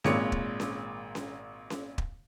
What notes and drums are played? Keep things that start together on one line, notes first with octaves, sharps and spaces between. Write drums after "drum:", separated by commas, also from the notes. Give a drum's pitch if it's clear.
G#1 A#2 G#3 C#5 C#7, drum: snare C#4
drum: kick
drum: snare C#4
drum: snare C#4
drum: snare C#4
drum: kick